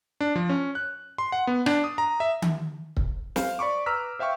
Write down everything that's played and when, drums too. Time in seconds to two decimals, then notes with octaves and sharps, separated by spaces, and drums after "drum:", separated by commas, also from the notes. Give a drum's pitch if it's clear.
0.21 D4
0.36 F3
0.49 C#4
0.75 F#6
1.18 C6
1.32 F#5
1.47 B3
1.66 D4, drum: rim click
1.84 D#6
1.98 A#5
2.20 E5
2.42 drum: tom D#3
2.97 drum: kick C#1
3.36 C5 F5, drum: snare
3.59 D5 B5 C#6 D6
3.86 B4 A#5 D6 E6 F6 B6
4.19 C5 E5 F5 G5 C#6